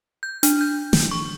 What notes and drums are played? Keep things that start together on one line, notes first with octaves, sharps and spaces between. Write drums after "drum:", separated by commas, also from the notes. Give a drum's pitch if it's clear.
G6
D4, drum: hi-hat
G6
drum: snare
C#6